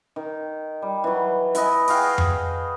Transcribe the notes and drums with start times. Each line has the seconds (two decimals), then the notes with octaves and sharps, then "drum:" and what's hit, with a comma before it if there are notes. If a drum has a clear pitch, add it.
0.16 D#3
0.82 G3
1.04 E3 F#3
1.55 E4 B4 D#5 G#5, drum: hi-hat
1.88 F#4 G#4 F5 G5, drum: open hi-hat
2.18 drum: tom F2